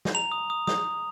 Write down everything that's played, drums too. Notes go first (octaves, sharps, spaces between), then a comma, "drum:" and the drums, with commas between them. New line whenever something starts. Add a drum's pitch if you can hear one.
drum: snare
A#5 F7
D#6
D#6
D#6, drum: snare
D#6